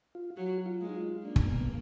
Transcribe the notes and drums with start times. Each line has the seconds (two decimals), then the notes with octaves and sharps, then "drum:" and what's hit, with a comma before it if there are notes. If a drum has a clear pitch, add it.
0.15 F4
0.37 F#3 F#4
0.66 F4
0.81 G#3
0.89 D#4
0.96 F4
1.25 A#3 D4
1.36 drum: kick
1.46 B3
1.60 B3